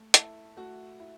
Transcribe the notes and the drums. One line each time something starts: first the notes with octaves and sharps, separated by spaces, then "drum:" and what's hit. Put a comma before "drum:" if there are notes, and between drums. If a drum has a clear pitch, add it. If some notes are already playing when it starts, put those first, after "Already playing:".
Already playing: A3
E4 A4, drum: hi-hat
A3 F#4
E4